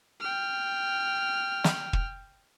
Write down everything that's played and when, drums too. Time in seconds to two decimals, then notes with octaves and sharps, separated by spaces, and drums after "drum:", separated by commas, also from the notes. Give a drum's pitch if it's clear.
0.20 G5 F6
1.64 drum: snare
1.93 drum: kick